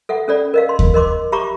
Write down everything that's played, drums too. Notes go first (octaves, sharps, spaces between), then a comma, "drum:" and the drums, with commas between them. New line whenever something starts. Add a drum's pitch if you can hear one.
A4 E5 F#5
C#4 A4 D5
A#4 D#5 F5
C6
drum: kick D#2
A#4 D#5 C6 D6
G4 E5 A#5 B5 C#6 D6